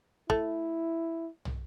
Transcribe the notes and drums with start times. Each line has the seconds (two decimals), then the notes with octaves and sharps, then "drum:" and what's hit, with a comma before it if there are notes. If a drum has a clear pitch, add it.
0.30 A3 E4, drum: kick
1.45 drum: tom